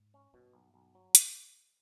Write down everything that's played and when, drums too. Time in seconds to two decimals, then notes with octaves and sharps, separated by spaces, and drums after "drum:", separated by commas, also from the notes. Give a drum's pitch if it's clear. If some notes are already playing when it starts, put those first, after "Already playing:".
Already playing: G#2
0.14 C#4
0.33 G2 B2
0.53 B1
0.74 B1
0.95 F#3
1.15 drum: hi-hat